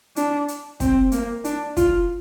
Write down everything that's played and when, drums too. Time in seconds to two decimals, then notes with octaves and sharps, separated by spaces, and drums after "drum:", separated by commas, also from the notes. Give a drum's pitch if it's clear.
0.16 D4, drum: hi-hat
0.48 drum: hi-hat
0.80 C4, drum: kick, hi-hat
1.12 A#3, drum: hi-hat
1.44 D4, drum: hi-hat
1.77 F4, drum: kick, hi-hat